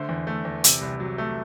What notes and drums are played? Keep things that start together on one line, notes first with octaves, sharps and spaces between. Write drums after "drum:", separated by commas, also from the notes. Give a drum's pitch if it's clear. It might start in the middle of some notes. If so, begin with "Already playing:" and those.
Already playing: D3 A3 C5 E5
E2
A3
E2
C3, drum: hi-hat
C2
F#3
A3